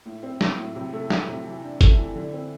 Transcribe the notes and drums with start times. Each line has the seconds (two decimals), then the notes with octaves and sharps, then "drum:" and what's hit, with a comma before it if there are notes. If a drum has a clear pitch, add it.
0.06 A2
0.23 C4
0.41 F#3, drum: snare
0.58 A2
0.76 C3
0.93 A3
1.10 F#3, drum: snare
1.28 C3
1.46 E3
1.64 D4
1.81 A3, drum: kick, hi-hat
1.98 E3
2.15 D3
2.33 C4